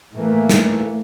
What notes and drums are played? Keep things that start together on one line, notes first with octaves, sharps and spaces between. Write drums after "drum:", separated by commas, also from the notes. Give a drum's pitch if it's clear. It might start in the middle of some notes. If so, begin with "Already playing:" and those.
A2 E3 A3 A#3
drum: snare